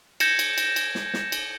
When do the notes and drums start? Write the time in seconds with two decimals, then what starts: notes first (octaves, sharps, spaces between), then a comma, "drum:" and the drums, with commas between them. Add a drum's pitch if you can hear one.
0.20 G6 G#6 A#6 C#7 E7, drum: cymbal
0.39 drum: cymbal
0.58 drum: cymbal
0.76 drum: cymbal
0.95 drum: snare
1.14 drum: snare
1.32 drum: cymbal